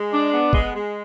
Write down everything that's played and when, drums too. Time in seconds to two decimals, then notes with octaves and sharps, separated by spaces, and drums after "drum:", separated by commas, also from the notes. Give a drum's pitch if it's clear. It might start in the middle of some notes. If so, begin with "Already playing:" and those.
Already playing: G#3
0.13 D4
0.33 B3
0.53 G#3, drum: kick
0.73 G#3